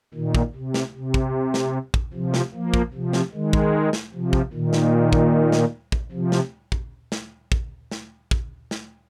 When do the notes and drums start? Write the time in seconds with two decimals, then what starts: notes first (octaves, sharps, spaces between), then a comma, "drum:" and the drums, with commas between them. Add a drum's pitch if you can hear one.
0.14 A#2 D#3
0.35 drum: kick
0.55 C3
0.74 drum: snare
0.94 C3
1.14 drum: kick
1.54 drum: snare
1.94 drum: kick
2.13 C3 F3
2.34 drum: snare
2.54 F3 A#3
2.74 drum: kick
2.93 C3 F3
3.13 drum: snare
3.33 D#3 G#3
3.53 drum: kick
3.93 drum: snare
4.13 C3 F3
4.33 drum: kick
4.53 A#2 D#3
4.73 drum: snare
5.13 drum: kick
5.52 drum: snare
5.92 drum: kick
6.12 C3 F3
6.32 drum: snare
6.72 drum: kick
7.12 drum: snare
7.52 drum: kick
7.91 drum: snare
8.31 drum: kick
8.71 drum: snare